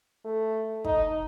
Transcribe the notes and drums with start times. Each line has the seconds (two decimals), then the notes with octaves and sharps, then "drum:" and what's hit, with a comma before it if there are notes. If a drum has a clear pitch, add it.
0.25 A3
0.84 D#4, drum: kick